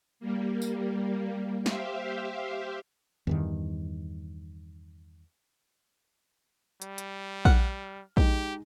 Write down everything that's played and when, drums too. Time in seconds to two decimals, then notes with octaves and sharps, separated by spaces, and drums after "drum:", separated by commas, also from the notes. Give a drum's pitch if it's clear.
0.20 G3 A#3
0.62 drum: tambourine
1.66 G4 C5 E5 F5, drum: snare
3.27 E2 G2 D#3, drum: tom D3
6.82 G3, drum: hi-hat
6.98 drum: hi-hat
7.45 F#5 F6, drum: kick A#1
8.17 G#3 D#4 G4, drum: kick A#1